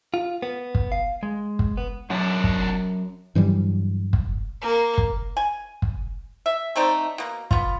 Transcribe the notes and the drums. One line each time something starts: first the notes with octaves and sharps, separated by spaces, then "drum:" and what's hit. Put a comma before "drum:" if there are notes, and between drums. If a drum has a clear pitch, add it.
F4
B3
drum: kick
F5
G#3
drum: kick
B3
F#2 B2 D4
drum: kick
G2 E3 F#3 G3
drum: kick
A#3
drum: kick
G#5
drum: kick
E5
A3 C4 D#4 D5
B2 A#3
B3 F4, drum: kick